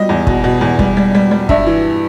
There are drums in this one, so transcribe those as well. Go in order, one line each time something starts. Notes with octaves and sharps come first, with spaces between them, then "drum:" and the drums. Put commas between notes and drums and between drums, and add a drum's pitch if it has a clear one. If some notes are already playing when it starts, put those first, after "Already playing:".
Already playing: G3 D#5
E2
B2, drum: kick
B2
E2
G3, drum: kick
G3
G3
G3
G2 E5, drum: kick
E3